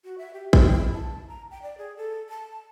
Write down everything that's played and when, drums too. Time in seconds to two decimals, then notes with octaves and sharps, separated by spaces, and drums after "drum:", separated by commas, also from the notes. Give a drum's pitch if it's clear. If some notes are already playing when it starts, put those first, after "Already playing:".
0.04 F#4
0.18 E5
0.33 G4
0.53 G5, drum: kick
0.71 E4
0.93 A5
1.28 A#5
1.51 G5
1.63 D5
1.78 G#4
1.97 A4
2.29 A5